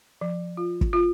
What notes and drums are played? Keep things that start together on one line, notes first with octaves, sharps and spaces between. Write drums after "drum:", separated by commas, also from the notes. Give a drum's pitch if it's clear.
F3
F4
drum: kick
F4